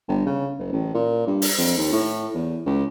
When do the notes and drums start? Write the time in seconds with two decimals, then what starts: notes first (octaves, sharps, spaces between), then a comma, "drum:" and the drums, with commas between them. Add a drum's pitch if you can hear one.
0.08 G1
0.26 C#3
0.59 F#1
0.72 A1
0.94 A#2
1.27 G2
1.42 drum: open hi-hat
1.58 F2
1.77 D#2
1.93 A2
2.35 E2
2.66 C#2